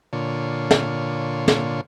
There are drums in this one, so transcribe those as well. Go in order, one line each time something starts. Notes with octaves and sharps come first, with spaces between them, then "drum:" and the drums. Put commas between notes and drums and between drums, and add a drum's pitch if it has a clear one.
A#2 D3 F4 C#5
drum: snare
drum: snare